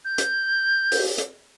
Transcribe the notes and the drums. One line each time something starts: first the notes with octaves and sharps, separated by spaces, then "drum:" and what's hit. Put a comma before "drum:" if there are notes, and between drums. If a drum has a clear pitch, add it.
G6
drum: hi-hat
drum: open hi-hat
drum: hi-hat